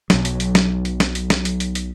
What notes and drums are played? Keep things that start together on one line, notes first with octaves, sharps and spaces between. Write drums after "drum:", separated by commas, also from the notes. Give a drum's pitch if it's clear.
B1 F#3, drum: snare
drum: hi-hat
drum: hi-hat
drum: snare
drum: hi-hat
drum: snare
drum: hi-hat
drum: snare
drum: hi-hat
drum: hi-hat
drum: hi-hat